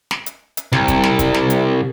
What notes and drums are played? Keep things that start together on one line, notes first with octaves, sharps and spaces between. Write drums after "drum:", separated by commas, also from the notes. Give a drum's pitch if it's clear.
drum: snare
drum: hi-hat
drum: hi-hat
C2, drum: snare
drum: kick, hi-hat
drum: snare
drum: kick, hi-hat
drum: snare
drum: hi-hat